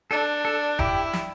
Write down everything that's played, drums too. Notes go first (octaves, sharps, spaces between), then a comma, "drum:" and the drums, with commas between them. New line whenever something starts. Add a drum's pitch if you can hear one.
D4 A4
A4
E4 G4, drum: kick E1
drum: snare